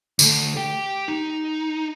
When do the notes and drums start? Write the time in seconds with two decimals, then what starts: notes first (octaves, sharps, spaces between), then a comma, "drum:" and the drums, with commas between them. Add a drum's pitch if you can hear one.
0.19 D3 A3, drum: tambourine
0.56 G4 G5
1.08 D#4